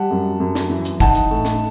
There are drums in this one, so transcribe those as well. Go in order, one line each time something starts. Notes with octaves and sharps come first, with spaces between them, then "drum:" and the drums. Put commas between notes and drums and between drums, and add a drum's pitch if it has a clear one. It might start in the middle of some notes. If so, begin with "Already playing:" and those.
Already playing: G3 F#5 A5
F#2
F#2
drum: snare
E3
drum: hi-hat
D#4 F#5 A5, drum: kick, hi-hat
drum: hi-hat
A2
drum: snare